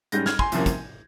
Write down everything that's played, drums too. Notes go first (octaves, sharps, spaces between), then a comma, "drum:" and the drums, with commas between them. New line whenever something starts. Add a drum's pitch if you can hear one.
G#2 G3 C#4 G6 A#6, drum: hi-hat
F6 G#6, drum: snare
G#5 C6, drum: kick
C2 C3 F3 A#3 C#4, drum: hi-hat
drum: kick, hi-hat